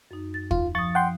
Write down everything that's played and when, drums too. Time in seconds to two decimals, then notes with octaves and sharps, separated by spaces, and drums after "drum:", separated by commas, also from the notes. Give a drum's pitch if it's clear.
0.11 F#2 D#4
0.34 A6
0.51 F4, drum: kick
0.75 F3 C#6 D#6 A6
0.95 F#5 G5 C6